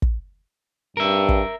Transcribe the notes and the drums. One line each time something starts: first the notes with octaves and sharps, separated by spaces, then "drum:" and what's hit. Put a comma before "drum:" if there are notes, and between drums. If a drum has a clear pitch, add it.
drum: kick
G2 A#4 E5
drum: kick